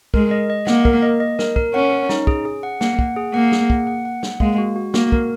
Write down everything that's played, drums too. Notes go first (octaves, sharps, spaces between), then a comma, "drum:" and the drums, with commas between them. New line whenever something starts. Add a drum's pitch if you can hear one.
G#3 A#4, drum: kick
D#5
D#5
A#3 F#5, drum: snare
A#4, drum: kick
D#5
D#5
A#4, drum: snare
A#4, drum: kick
C#4 F#5
A#4
D#4, drum: snare
G#4, drum: kick
G#4
F#5
A#3 F#5, drum: snare
F#5, drum: kick
G#4
A#3 F#5
G#4, drum: snare
F#5, drum: kick
F#5
F#5
F#5, drum: snare
G#3 A#3, drum: kick
F#4
F#4
A#3 F#4, drum: snare
A#4, drum: kick